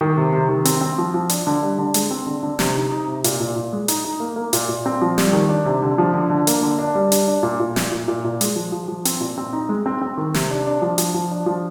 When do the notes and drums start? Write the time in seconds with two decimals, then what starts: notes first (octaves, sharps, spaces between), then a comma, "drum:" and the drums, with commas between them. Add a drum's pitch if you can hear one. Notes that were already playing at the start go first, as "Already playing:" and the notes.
0.01 D#3
0.17 C3
0.33 C3
0.49 D#3
0.65 C4, drum: hi-hat
0.81 C4
0.98 F3
1.14 F3
1.29 D4, drum: hi-hat
1.47 D3
1.63 G3
1.78 D3
1.94 G#3, drum: hi-hat
2.11 C4
2.26 D3
2.43 D3
2.59 C3, drum: snare
2.75 D#4
2.91 D#4
3.08 C3
3.24 A#2, drum: hi-hat
3.40 A#2
3.56 A#2
3.73 G#3
3.88 D#4, drum: hi-hat
4.04 D#4
4.20 A#3
4.36 A#3
4.53 A#2, drum: hi-hat
4.69 A#2
4.86 C4
5.01 F3
5.18 G3, drum: snare
5.33 D#3
5.49 D4
5.65 C3
5.82 D3
5.98 F3
6.14 D3
6.30 D3
6.47 A#3, drum: hi-hat
6.62 D3
6.78 D4
6.95 G3
7.12 D4, drum: hi-hat
7.28 D4
7.43 A#2
7.60 A#2
7.76 A#2, drum: snare
7.92 A#2
8.08 A#2
8.25 A#2
8.41 G#3, drum: hi-hat
8.56 F3
8.72 F3
8.88 F3
9.05 C4, drum: hi-hat
9.21 A#2
9.38 C4
9.53 D#4
9.69 G#3
9.86 C4
10.02 C4
10.18 D#3
10.34 C3, drum: snare
10.51 D4
10.67 D4
10.82 F3
10.98 F3, drum: hi-hat
11.14 F3
11.31 D4
11.46 F3